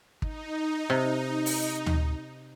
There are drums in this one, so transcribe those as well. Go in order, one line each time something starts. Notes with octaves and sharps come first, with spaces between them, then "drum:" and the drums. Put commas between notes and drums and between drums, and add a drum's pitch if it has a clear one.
D#4, drum: kick
C3
drum: open hi-hat
drum: tom